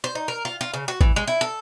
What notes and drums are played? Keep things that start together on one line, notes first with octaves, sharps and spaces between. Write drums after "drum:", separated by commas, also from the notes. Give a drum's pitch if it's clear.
C5
D#4
A#4
F4
F4
C#3
F#4
E3, drum: kick
G#3
E4
A4